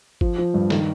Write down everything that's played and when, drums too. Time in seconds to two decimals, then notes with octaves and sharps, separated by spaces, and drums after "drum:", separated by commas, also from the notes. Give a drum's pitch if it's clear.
0.21 F3, drum: kick G1
0.38 F3
0.54 G2
0.70 D#3, drum: snare